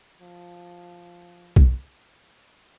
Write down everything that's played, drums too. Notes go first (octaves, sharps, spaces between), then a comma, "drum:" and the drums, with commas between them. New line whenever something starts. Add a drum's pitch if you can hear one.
F3
drum: kick B1